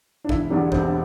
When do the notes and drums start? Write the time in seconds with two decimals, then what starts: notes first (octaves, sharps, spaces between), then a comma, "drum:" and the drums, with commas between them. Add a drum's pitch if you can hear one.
0.24 D4
0.29 E1 E4, drum: kick G#1
0.50 E2 D3 G3 D4
0.72 E1 C4, drum: kick G#1